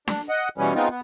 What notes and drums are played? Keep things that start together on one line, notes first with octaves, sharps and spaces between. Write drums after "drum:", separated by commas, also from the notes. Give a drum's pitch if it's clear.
D4, drum: snare D4
D#5 F#5
B2 E3 G3 B3 C#4
G#3 B3 C4 D#4 F4
B3